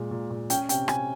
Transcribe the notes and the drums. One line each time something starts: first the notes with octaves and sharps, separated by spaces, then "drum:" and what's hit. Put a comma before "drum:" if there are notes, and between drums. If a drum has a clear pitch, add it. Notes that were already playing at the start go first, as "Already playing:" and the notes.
Already playing: A#2 G#3
A#2
A#2
C#4 G5, drum: hi-hat
C3 G5, drum: hi-hat
C#4 G#5, drum: rim click